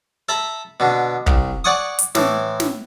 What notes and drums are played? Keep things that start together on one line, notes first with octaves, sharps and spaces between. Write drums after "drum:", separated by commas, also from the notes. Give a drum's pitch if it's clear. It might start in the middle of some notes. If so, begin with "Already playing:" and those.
A4 E5 A#5 B5
B2 D3
C2, drum: kick
D5 F#5 G#5 C#6 D#6
drum: hi-hat
A2 E3, drum: snare
drum: snare